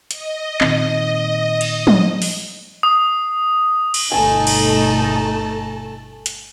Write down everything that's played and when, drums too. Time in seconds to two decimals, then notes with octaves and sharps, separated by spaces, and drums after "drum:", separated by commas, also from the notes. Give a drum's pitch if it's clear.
0.11 D#5, drum: hi-hat
0.61 A#2 D#3 C4, drum: clap
1.61 drum: cymbal
1.87 drum: tom
2.22 drum: open hi-hat
2.83 D#6
3.94 drum: cymbal
4.12 G1 B2 A3 D#4 G#5 A5
4.47 drum: cymbal
6.26 drum: hi-hat